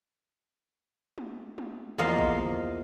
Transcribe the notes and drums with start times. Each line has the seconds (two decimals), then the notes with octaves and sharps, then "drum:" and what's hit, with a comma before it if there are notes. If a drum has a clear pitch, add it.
1.18 drum: tom G#3
1.58 drum: tom G#3
1.98 E2 F3 A#3 D#5 F5 C6
2.18 drum: kick A#1
2.39 drum: tom C#3